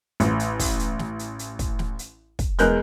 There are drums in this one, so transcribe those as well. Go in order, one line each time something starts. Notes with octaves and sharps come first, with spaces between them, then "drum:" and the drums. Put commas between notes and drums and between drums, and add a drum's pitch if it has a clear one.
A1, drum: hi-hat
drum: hi-hat
drum: kick, open hi-hat
drum: hi-hat
drum: snare
drum: hi-hat
drum: hi-hat
drum: kick, hi-hat
drum: snare
drum: hi-hat
drum: kick, hi-hat
E2 G#3 A#4 F#6 G6, drum: hi-hat